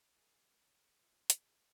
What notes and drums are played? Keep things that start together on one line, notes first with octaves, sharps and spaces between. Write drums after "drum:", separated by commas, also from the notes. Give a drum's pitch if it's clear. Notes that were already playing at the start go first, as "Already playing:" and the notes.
G#4 A#4
C#5
F4
G#4, drum: hi-hat